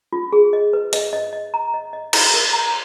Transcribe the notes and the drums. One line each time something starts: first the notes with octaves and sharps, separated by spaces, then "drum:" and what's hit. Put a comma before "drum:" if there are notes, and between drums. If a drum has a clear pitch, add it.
F4
G#4
D#5
B4
D#5, drum: hi-hat
D#5
D#5
A#5
D#5
D#5
A#5, drum: cymbal
A#4
A#5